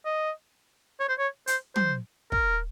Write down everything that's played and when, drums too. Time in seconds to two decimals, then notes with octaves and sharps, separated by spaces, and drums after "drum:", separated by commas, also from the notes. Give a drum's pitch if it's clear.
0.05 D#5
1.00 C#5
1.09 C5
1.19 C#5
1.47 C5, drum: hi-hat
1.76 C5, drum: tom
2.32 A#4, drum: kick